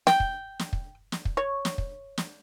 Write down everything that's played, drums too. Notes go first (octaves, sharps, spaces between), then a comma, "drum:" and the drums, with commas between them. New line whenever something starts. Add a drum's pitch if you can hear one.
G5, drum: snare
drum: kick
drum: snare
drum: kick
drum: snare
drum: kick
C#5
drum: snare
drum: kick
drum: snare